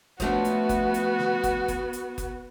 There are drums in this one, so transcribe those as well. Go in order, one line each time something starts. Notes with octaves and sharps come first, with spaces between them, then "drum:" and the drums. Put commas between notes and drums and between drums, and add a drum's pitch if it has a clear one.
F3 A3 B3 D4 F#4, drum: kick F#1, hi-hat
drum: hi-hat
drum: kick F#1, hi-hat
drum: hi-hat
drum: snare
drum: kick F#1, hi-hat
drum: kick F#1, hi-hat
drum: hi-hat
drum: kick F#1, hi-hat